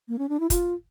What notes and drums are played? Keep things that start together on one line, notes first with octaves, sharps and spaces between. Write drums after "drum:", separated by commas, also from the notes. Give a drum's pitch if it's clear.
A#3
C#4
D4
E4
F4, drum: kick, hi-hat